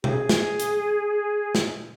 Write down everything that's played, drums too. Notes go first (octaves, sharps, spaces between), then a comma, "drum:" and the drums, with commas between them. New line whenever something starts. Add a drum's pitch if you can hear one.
G4, drum: tom B2
G#4
drum: snare
drum: hi-hat
drum: snare